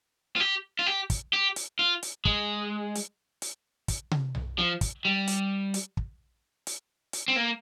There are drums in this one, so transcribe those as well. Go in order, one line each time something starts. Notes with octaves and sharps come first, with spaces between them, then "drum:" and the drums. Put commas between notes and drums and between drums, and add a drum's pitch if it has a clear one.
F4
G4
F4
G4
drum: kick, hi-hat
G4
drum: hi-hat
F4
drum: hi-hat
G#3, drum: kick
drum: hi-hat
drum: hi-hat
drum: kick, hi-hat
drum: tom C3
drum: tom B1
F3
drum: kick, hi-hat
G3
drum: hi-hat
drum: hi-hat
drum: kick
drum: hi-hat
drum: hi-hat
C4
A#3